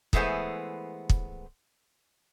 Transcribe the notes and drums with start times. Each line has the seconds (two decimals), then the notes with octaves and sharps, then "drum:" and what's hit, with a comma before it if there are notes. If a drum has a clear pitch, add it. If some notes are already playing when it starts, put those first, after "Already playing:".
0.13 E3 G#3 A3 B3 C5 G#5, drum: kick
1.10 drum: kick